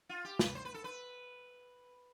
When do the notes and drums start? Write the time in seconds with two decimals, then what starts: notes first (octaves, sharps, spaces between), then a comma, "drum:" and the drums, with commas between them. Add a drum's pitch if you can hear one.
0.09 F4
0.25 G4
0.39 B4, drum: snare
0.55 C5
0.65 B4
0.74 A4
0.84 B4